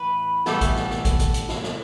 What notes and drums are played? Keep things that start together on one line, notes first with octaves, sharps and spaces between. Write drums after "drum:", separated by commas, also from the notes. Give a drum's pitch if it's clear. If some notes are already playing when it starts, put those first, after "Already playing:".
Already playing: A2 E3 B4
A2 E3 G3 B3 A4, drum: snare
drum: kick, hi-hat
drum: snare
drum: snare
drum: kick, hi-hat
drum: kick, hi-hat
drum: hi-hat
drum: snare
drum: snare